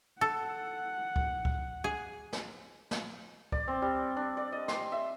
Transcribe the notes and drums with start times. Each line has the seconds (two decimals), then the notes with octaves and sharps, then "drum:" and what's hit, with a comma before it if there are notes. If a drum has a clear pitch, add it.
0.21 A4 F#5
1.16 drum: kick
1.45 drum: kick
1.84 G#4
2.33 drum: snare
2.91 drum: snare
3.52 D5, drum: kick
3.68 C4
3.82 G3
4.16 D4
4.37 D5
4.52 D#5
4.68 C6, drum: snare
4.92 E5